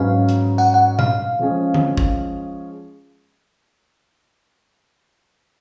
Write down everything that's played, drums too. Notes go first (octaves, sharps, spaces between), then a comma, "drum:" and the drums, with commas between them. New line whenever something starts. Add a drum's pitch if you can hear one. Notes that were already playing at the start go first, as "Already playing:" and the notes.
Already playing: G#2 F#3 C#4 G#4 B4 F5
drum: hi-hat
F#5, drum: tambourine
F#5
F5, drum: tom A#2
F3 G#3 C#4 G#4
drum: tom D3
drum: kick